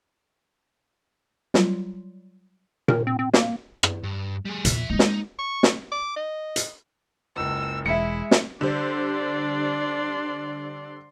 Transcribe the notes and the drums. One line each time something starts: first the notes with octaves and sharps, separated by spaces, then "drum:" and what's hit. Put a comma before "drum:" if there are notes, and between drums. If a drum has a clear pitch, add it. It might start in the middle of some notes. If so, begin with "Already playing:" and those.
F#3 G3 F4, drum: snare
A#4, drum: tom A#2
C4
C4
A#3, drum: snare
drum: rim click
G2
G3 G#4
E2 A#2 F3 E5, drum: hi-hat
G#3 A#3 D#4
drum: snare
C#6
drum: snare
D6
D#5
drum: hi-hat
F#1 C#2 E6
E1 G#3 E4 E5 C#7
drum: snare
D3 G3 D4 C5 D5 C6